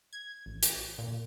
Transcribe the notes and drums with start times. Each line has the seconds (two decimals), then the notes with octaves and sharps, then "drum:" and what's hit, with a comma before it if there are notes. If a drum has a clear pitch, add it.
0.13 G#6
0.46 A1
0.63 drum: hi-hat
0.98 A#2